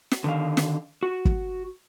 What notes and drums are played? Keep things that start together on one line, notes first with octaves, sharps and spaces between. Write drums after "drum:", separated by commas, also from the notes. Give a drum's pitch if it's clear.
drum: snare
D3 D#3 F5
drum: snare
F#4
drum: kick